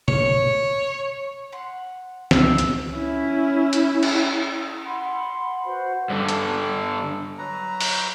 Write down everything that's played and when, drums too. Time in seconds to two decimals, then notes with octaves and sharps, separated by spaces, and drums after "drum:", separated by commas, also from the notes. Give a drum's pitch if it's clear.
0.08 C#5, drum: tom B2
1.52 F#5 C6
2.31 C#2 E5 E6, drum: snare
2.58 drum: hi-hat
2.91 C#4 E4
3.73 drum: hi-hat
4.03 drum: cymbal
4.85 F#5 B5 C6
5.64 F#4 B4 C5 F#5
6.10 G2 D3
6.28 drum: hi-hat
7.38 F#3 B4 A#5
7.81 drum: open hi-hat